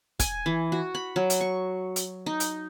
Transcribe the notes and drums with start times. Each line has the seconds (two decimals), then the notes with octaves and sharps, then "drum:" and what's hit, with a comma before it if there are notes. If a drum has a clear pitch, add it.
0.20 G#5, drum: kick, hi-hat
0.46 E3
0.72 F#4
0.95 B5
1.16 F#3
1.30 drum: hi-hat
1.41 C#6
1.96 drum: hi-hat
2.26 D#4
2.40 drum: hi-hat